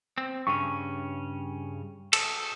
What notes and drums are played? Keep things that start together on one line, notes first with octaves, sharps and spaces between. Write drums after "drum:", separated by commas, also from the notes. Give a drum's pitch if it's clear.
C4
G2 C#3 C#4 C#6
A4, drum: cymbal